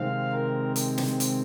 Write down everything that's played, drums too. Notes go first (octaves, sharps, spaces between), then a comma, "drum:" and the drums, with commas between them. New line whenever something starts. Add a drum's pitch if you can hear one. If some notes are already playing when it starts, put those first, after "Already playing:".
Already playing: C3 D#3 G#3 C4 F5
A#4
drum: hi-hat
drum: snare
drum: hi-hat